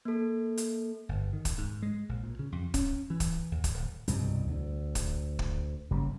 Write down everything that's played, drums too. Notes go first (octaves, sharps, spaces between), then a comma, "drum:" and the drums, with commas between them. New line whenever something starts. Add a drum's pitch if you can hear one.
A#3 A4
drum: hi-hat
G1
D#3
drum: kick, hi-hat
G#2
G#3
A#1
A#2
C#3
F2
C#4, drum: kick, hi-hat
E3
drum: kick, hi-hat
D#2
drum: kick, hi-hat
D1
C2 G2 B2, drum: hi-hat
D2
drum: kick, hi-hat
drum: kick
F#1 C#3 G3